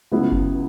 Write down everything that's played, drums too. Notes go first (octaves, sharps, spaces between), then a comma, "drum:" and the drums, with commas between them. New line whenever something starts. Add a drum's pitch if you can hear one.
C#2 C#3 F#3 B3 E4
drum: kick F#1